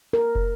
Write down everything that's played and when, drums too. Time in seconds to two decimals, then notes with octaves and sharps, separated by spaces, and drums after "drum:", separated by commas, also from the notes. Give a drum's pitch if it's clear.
0.13 A#4
0.35 drum: kick